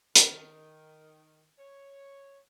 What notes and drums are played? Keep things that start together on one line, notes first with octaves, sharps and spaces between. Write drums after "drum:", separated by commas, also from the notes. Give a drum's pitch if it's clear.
D#3, drum: hi-hat
C#5